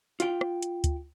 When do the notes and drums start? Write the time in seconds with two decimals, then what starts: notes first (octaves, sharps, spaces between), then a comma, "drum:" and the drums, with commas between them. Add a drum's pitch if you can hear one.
0.20 F4 G5, drum: hi-hat
0.41 drum: rim click
0.63 drum: hi-hat
0.84 drum: kick D2, hi-hat